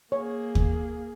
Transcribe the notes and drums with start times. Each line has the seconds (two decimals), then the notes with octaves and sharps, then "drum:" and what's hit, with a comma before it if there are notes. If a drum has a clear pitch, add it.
0.12 A#3 G#4 C#5
0.55 drum: kick